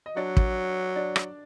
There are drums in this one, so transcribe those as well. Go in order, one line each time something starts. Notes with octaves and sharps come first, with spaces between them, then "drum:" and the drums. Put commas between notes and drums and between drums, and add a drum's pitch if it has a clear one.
D#5
F#3 D4 D5
drum: kick
D4 D5
drum: rim click